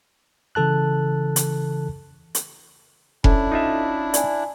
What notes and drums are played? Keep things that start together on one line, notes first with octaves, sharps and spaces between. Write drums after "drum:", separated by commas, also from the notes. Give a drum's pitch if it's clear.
C#3 E3 A4 A5 F#6
drum: hi-hat
drum: hi-hat
C#4 D4 E4 A4, drum: kick F1
D#4 F4 E5
D5 G#5, drum: hi-hat